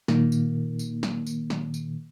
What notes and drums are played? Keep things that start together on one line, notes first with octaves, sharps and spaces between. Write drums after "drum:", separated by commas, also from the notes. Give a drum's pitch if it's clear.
A#2 D#3 A#3, drum: snare
drum: tambourine
drum: tambourine
drum: snare
drum: tambourine
drum: snare
drum: tambourine